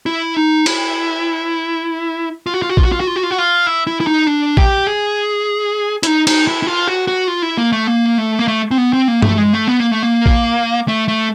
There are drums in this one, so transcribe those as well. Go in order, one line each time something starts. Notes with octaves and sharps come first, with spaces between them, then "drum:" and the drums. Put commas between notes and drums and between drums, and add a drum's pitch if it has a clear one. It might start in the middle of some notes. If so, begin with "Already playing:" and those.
E4
D#4
E4, drum: cymbal
F4
F#4
F4
F#4
F4, drum: kick
F#4
F4
F#4
F4
F#4
F4
F#4
F4
E4
E4
E4
D#4
D4
G4, drum: kick
G#4
E4, drum: hi-hat
D#4
D#4, drum: cymbal
E4
E4
F4
F#4
F#4
F4
E4
A#3
A3
A#3
A3
A#3
A3
C4
B3
C4
A#3
A3, drum: tom G2
G#3
A3
B3
A#3
A3
A#3
drum: kick
A3
A3